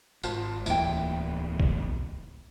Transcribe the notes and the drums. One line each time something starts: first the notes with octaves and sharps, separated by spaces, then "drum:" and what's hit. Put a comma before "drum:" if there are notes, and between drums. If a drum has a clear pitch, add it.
G#1 F4 C5 A5, drum: tambourine
D1 E2 A#3 E4 G5, drum: tambourine
drum: kick